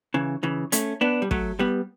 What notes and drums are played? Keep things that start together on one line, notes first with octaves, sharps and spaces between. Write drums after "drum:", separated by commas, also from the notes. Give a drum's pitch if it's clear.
C#3 E3
C#3 E3
A3 C#4, drum: hi-hat
B3 D4
G3
F#3 A3, drum: kick
G3 B3